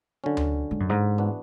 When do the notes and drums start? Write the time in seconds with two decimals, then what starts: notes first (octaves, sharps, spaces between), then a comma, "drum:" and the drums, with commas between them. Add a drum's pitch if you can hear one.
0.24 D3 F#3 C#4
0.37 drum: tom D2
0.71 G#2
0.80 F#2
0.89 G#2
1.18 E3 B3 D4 F#4 B4